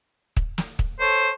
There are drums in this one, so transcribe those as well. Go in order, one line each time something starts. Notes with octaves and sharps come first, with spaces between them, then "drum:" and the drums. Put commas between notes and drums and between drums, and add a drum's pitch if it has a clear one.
drum: kick
drum: snare
drum: kick
A4 C5 C#5